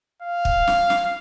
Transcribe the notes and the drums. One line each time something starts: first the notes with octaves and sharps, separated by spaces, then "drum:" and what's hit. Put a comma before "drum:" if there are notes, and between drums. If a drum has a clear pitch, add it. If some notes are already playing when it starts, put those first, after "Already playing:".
F5
drum: kick
drum: snare
drum: snare